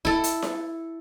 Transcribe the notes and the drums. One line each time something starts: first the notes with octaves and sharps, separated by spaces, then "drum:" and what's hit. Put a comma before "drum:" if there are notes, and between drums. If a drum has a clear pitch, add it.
E4 A4, drum: kick
drum: hi-hat
drum: snare E4